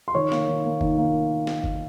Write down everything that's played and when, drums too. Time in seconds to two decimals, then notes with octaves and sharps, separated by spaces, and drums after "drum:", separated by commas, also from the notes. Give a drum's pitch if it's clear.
0.08 C6
0.14 D#3 C#5 C#6
0.32 A#3, drum: snare
0.48 D#3
0.65 A#3
0.81 D#3, drum: kick F#1
0.98 A#3
1.47 drum: snare
1.64 drum: kick F#1